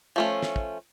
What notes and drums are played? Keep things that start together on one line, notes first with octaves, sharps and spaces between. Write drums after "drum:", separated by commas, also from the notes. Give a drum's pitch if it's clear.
F3 A3 C#4
drum: snare
drum: kick